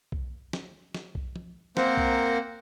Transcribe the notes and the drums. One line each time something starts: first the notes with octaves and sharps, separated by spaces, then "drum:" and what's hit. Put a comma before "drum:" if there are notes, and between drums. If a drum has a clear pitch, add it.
drum: kick B1
drum: snare
drum: snare
drum: kick B1
drum: tom
A#3 C4 A#4 C5 F#5, drum: snare
drum: kick B1